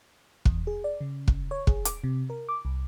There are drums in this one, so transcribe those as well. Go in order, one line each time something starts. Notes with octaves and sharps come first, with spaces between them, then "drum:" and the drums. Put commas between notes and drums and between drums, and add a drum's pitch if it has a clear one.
E2, drum: kick
G#4
D5
C#3
drum: kick
C#5
G#4, drum: kick
D6, drum: hi-hat
C3
A#4
D6
C2